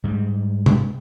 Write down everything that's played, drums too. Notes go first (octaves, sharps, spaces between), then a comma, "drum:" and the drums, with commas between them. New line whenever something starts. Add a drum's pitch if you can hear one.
G#2 G3
drum: tom C3